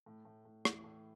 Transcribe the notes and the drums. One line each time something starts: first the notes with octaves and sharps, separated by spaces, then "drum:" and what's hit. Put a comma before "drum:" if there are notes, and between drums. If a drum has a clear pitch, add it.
A2
A2
A2
E3, drum: rim click
A2